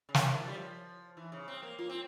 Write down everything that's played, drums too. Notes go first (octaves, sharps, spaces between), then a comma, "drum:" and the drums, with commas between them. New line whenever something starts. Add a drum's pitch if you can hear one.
C#3
A#4, drum: snare
E3
A#4
F3
G3
F3
E3
C#3
C4
A#3
A#3 F4
C4